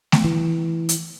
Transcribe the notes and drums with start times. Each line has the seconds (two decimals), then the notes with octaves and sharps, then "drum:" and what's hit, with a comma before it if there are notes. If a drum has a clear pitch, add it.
0.12 drum: snare A3
0.24 E3
0.89 drum: hi-hat